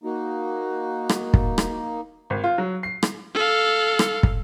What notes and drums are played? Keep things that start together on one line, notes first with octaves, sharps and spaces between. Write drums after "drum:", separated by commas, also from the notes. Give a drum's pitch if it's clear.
A#3 D#4 F#4
drum: rim click
drum: kick
drum: rim click
G#1
F4
F#3
C7
drum: rim click
A4 F5
drum: rim click
drum: kick